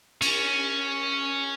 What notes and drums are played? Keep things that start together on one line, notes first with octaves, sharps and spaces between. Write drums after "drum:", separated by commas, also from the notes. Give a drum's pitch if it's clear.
C#4, drum: cymbal